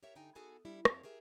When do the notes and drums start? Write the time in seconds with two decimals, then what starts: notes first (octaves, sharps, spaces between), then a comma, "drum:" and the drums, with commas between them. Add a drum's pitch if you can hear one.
0.03 G4 A#4 C#5 E5
0.15 G2 D3 D#4 G5 G#5
0.35 B3 D#4 F#4 G#4 A4 G#5
0.65 G3 D4 E4
0.85 F2 G#3 C4 E4 C#5 F5, drum: rim click
1.03 G4 G#4 A#4 E5